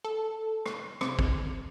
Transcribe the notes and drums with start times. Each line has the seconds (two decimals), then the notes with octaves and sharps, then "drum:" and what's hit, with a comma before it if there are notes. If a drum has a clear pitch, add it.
0.05 A4
0.66 drum: rim click
1.01 C3, drum: rim click
1.19 drum: kick